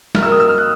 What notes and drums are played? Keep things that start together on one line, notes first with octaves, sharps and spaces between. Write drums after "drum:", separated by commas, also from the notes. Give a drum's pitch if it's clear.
D#3 F#3 A#3 F6, drum: snare
E6
D#6
E6
F6
F#6